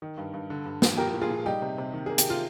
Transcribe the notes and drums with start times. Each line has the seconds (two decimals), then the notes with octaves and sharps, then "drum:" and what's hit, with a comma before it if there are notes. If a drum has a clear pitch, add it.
0.02 D#3
0.18 G2
0.34 G2
0.50 D3
0.65 G2
0.82 G2, drum: snare
0.97 F3 G4 A#4
1.14 A#2
1.21 F4 G#4
1.30 A#2
1.46 G3 D#4 G4
1.62 C3
1.78 C3
1.94 D#3
2.06 A#3 G#4
2.18 G4, drum: hi-hat
2.30 F4